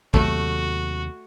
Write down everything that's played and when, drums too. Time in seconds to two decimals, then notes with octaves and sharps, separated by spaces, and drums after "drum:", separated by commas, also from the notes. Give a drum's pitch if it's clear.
0.14 D#2 C3 F#3 A3 F#4, drum: kick